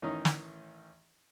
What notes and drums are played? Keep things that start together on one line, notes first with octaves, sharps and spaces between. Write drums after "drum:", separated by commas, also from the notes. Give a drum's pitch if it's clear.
A1 D#3 E3 C#4 D#4 D#6
drum: snare